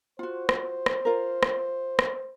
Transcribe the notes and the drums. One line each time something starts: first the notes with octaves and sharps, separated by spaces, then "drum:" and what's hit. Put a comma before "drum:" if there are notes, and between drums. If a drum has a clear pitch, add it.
F4 F#4 C5
drum: rim click
drum: rim click
F4 A#4
drum: rim click
drum: rim click